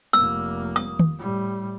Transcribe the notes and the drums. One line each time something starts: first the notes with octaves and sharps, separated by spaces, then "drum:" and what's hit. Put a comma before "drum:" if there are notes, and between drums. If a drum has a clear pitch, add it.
F1 A#3 E6
D#6
drum: tom D#3
A2 G3